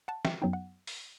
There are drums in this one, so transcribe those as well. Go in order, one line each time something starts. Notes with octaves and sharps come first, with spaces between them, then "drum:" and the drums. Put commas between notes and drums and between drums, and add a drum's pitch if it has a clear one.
F#5 A5
E5 G5, drum: snare
F#2 F#3 B3 D#4 G5
F#5
drum: open hi-hat